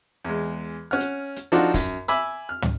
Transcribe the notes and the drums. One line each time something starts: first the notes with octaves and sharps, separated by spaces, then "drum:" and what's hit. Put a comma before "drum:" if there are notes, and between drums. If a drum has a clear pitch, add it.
E2 G#3
C#4 F#5 F6
drum: hi-hat
drum: hi-hat
F3 D4 D#4 F4 F#4 A4
F#2, drum: kick, open hi-hat
E5 G#5 B5 D6 E6, drum: hi-hat
F6
drum: tom